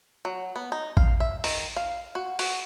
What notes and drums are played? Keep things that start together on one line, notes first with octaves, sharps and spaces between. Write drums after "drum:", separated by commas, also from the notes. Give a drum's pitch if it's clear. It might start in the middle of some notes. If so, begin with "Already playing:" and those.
F#3
B3
D#4
F5, drum: kick A1
E5
D#3, drum: open hi-hat
F5
F#4
F#4, drum: open hi-hat